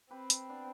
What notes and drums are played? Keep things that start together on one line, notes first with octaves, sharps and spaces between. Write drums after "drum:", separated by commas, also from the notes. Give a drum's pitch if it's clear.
C4 G4 B4
drum: hi-hat
B3 D4